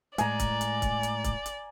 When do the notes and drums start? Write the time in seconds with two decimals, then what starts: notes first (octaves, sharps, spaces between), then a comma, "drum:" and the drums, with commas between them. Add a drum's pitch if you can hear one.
0.18 A2 G#3 D5 G#5 A#5, drum: hi-hat
0.40 drum: kick C#1, hi-hat
0.61 drum: hi-hat
0.82 drum: kick C#1, hi-hat
1.03 drum: hi-hat
1.24 drum: kick C#1, hi-hat
1.46 drum: hi-hat